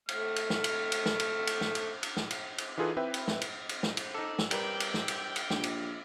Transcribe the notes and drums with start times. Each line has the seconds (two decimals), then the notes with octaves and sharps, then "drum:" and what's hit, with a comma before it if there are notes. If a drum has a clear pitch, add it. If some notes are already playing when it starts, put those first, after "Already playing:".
0.09 A3 F6, drum: cymbal
0.36 drum: cymbal
0.50 drum: snare
0.64 drum: cymbal
0.92 drum: cymbal
1.06 drum: snare
1.20 drum: cymbal
1.47 drum: cymbal
1.61 drum: snare
1.75 drum: cymbal
2.03 drum: cymbal
2.17 drum: snare
2.31 drum: cymbal
2.58 drum: cymbal
2.78 E3 D#4 F4 G#4 A4 B4
2.97 C4 E4 B4 E5 G5
3.14 drum: cymbal
3.28 drum: snare
3.42 drum: cymbal
3.69 drum: cymbal
3.83 drum: snare
3.97 drum: cymbal
4.14 D#4 A4 D6 E6
4.39 drum: snare
4.51 G3 A#4 B4 G5 D7 F#7, drum: cymbal
4.80 drum: cymbal
4.94 drum: snare
5.08 drum: cymbal
5.36 drum: cymbal
5.50 A#1 G4, drum: snare
5.63 drum: cymbal